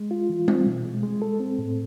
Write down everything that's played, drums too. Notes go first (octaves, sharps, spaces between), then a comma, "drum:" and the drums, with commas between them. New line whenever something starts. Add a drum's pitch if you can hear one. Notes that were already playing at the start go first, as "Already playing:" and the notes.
Already playing: G#3
F4
E3
C4, drum: tom G3
B2
G#3
G#3
A4
C4
A2